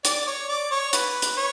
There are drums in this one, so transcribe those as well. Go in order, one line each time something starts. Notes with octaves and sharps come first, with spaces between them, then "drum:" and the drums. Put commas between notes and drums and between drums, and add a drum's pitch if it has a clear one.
D5, drum: hi-hat
C#5
D5
C#5
B4, drum: hi-hat
drum: hi-hat
C#5